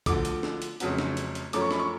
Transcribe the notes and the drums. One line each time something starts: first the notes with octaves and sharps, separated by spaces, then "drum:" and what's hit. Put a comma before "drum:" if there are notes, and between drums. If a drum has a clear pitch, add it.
D2 D3 F3 A3 D6, drum: kick B1, hi-hat
drum: hi-hat
drum: snare
drum: hi-hat
F1 F2 C#3 F#3 B3, drum: hi-hat
drum: snare
drum: hi-hat
drum: hi-hat
F#2 F3 A3 C#4 D6, drum: hi-hat
C#6
B5, drum: snare
C#6